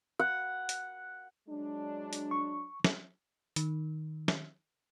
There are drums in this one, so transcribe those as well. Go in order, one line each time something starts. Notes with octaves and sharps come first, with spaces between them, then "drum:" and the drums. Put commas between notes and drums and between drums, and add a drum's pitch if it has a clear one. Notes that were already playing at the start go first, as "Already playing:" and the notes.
F#5
drum: hi-hat
F#3 G#3 D4
drum: hi-hat
C#6
drum: snare
D#3, drum: hi-hat
drum: snare